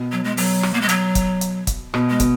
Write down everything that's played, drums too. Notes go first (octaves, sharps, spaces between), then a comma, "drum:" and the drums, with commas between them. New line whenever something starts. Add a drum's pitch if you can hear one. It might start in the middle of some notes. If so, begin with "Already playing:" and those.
Already playing: B2
F#3
G#3
F#3, drum: open hi-hat
drum: rim click
A#3
G#3
F#3, drum: hi-hat
drum: kick, hi-hat
drum: hi-hat
drum: kick, hi-hat
B2, drum: rim click
G#3
B2, drum: kick, hi-hat